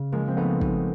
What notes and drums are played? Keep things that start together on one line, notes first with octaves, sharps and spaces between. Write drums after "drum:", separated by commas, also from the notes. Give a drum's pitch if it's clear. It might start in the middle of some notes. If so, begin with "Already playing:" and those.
Already playing: C#3
F3 G#3 A#3
C4
A3 B3 D#4
D#4, drum: kick